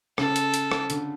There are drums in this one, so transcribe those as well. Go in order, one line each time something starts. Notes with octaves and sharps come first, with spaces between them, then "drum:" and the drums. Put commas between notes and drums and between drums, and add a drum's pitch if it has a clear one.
C#3 A4, drum: rim click
drum: hi-hat
drum: hi-hat
drum: rim click
D3, drum: hi-hat